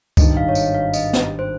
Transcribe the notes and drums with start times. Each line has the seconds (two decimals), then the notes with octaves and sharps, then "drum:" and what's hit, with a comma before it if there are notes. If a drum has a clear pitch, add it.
0.17 G#1 G2 D#3 D#5, drum: kick C#2, tambourine
0.37 F5
0.49 C#5
0.55 D#5, drum: tambourine
0.74 F5
0.94 D#5, drum: tambourine
1.13 drum: snare
1.39 C5